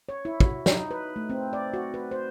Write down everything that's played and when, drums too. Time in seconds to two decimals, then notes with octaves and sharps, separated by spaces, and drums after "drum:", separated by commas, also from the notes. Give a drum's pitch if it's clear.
0.09 C#5
0.25 E4
0.40 F#4, drum: kick
0.66 D#4, drum: snare
0.91 B4
1.16 A3
1.30 C4
1.53 D5
1.74 F#4
1.94 B4
2.11 C5